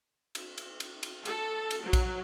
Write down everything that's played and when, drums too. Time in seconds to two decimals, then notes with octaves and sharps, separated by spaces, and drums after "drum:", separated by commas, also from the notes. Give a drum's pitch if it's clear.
0.35 drum: cymbal
0.58 drum: cymbal
0.80 drum: cymbal
1.03 drum: cymbal
1.25 A4, drum: cymbal
1.71 drum: cymbal
1.83 F#3
1.93 drum: kick A#1, cymbal